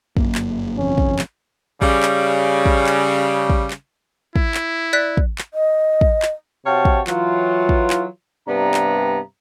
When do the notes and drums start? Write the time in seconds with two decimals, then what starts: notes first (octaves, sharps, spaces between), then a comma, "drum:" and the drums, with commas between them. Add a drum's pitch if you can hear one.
0.17 G1 F#2 A#3, drum: kick
0.35 drum: clap
0.77 G1 F2 C3 C#4
0.98 drum: kick
1.19 drum: clap
1.82 C#3 G3, drum: kick
2.03 drum: clap
2.66 drum: kick
2.87 drum: clap
3.50 drum: kick
3.70 drum: clap
4.36 E4, drum: kick
4.54 drum: clap
4.93 D5 F#6 B6
5.17 drum: kick
5.38 drum: clap
5.54 D#5
6.01 drum: kick
6.22 drum: clap
6.66 C3 F#4 C#5 F5 G5 A5
6.85 drum: kick
7.07 E3 F#3 F4, drum: clap
7.69 drum: kick
7.90 drum: clap
8.47 G2 C3 B3 D4 A#5
8.74 drum: clap